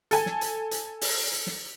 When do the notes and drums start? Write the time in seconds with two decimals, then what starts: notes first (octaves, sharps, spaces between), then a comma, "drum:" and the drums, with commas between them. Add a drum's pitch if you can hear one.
0.11 A4 G#5, drum: hi-hat
0.26 drum: snare
0.41 drum: hi-hat
0.71 drum: hi-hat
1.01 drum: open hi-hat
1.32 drum: hi-hat
1.47 drum: snare